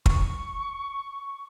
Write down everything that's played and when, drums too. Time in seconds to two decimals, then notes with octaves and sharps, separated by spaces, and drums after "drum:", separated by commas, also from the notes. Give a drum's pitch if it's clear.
0.06 C#6, drum: kick